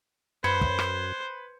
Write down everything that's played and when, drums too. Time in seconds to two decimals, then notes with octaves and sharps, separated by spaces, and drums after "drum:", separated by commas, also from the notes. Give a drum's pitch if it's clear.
0.44 F#2 B4 C5 B5 G#6 C#7
0.61 drum: kick
0.79 drum: rim click